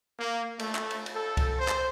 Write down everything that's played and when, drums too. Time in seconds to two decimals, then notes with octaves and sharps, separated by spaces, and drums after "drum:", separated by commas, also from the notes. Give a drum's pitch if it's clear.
0.19 A#3
0.59 A3, drum: cymbal
0.75 drum: clap
0.91 drum: cymbal
1.06 drum: cymbal
1.16 A4
1.37 drum: kick C2, cymbal
1.59 C5
1.68 drum: clap